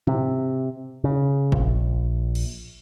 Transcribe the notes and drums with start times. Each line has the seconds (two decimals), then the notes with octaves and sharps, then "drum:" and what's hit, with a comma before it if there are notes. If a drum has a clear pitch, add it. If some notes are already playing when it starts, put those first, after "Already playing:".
0.07 C3, drum: tom
1.04 C#3
1.52 A#1, drum: kick F#1
2.35 drum: cymbal